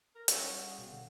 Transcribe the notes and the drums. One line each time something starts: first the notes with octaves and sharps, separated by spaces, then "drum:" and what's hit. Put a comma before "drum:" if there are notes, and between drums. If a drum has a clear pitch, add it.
A#4 A#6
G3 C#4 E6, drum: hi-hat
F#5
G#4
B2 G#3 F5 G5
D3